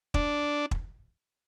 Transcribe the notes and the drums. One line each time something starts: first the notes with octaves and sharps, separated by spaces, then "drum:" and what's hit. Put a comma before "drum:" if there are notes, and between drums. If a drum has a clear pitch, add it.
D4, drum: kick
drum: kick